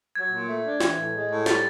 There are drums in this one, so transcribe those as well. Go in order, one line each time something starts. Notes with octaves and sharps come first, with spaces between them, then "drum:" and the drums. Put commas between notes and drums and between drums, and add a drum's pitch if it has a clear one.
F#3 G#6
A#2
A3
D4
E3, drum: snare
A2
G#3
A2
G3 A6, drum: snare